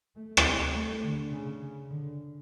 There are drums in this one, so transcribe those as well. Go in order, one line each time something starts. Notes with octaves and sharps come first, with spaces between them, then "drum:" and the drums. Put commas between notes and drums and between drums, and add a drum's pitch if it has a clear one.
A3
drum: rim click
A3
D3
C#3
D3